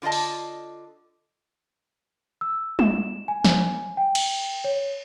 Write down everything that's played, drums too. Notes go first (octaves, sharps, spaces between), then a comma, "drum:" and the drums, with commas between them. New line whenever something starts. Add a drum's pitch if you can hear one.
D3 F4 D5 D#5 A5
drum: open hi-hat
E6
E7, drum: tom G3
G#5
drum: snare
G5
drum: cymbal
C#5